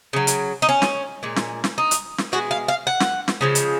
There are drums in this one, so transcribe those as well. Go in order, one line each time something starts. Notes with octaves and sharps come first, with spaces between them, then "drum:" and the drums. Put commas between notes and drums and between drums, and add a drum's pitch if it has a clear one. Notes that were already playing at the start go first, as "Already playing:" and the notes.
C#3 F#3
drum: hi-hat
D#4
C#4
drum: snare
A#2 G#3
drum: snare
drum: snare
D#4
drum: hi-hat
drum: snare
B2 G#3 F#4
F5
F5
F#5
drum: snare
drum: snare
C#3 F3 G#3
drum: hi-hat